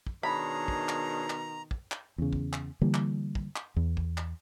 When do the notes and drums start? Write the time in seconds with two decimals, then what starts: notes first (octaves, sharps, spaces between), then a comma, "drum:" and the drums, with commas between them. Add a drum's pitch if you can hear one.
0.07 drum: kick
0.23 B2 D#3 D4 G#4 C#5 A#5 B5
0.68 drum: kick
0.89 drum: clap
1.30 drum: clap
1.71 drum: kick
1.91 drum: clap
2.18 E2 C#3
2.33 drum: kick
2.53 drum: clap
2.81 D3 E3 G3 A#3
2.94 drum: clap
3.35 drum: kick
3.56 drum: clap
3.76 E2
3.97 drum: kick
4.18 drum: clap